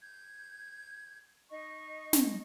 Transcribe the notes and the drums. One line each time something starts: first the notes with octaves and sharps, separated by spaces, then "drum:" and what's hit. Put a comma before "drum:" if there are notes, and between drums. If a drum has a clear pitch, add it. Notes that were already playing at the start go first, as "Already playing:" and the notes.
G6 G#6
D#4 D#5 C#6
drum: snare